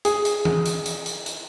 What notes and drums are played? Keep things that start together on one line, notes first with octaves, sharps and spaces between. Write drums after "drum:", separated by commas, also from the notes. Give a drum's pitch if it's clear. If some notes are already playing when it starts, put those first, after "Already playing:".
G#4, drum: hi-hat
drum: hi-hat
drum: tom E3
drum: hi-hat
drum: hi-hat
drum: hi-hat
drum: hi-hat